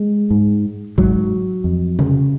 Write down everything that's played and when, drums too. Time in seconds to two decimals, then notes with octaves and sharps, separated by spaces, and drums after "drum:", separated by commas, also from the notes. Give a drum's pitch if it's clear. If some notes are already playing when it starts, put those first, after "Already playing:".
Already playing: G#3
0.31 G#2
0.98 G#2 F#3, drum: kick
1.64 F2
1.99 C#3, drum: tom